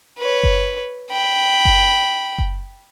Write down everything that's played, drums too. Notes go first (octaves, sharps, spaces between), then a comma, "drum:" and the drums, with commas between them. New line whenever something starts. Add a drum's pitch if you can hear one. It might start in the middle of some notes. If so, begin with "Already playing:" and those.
B4 C#5
drum: kick F#1
G5 B5
drum: kick F#1
drum: kick F#1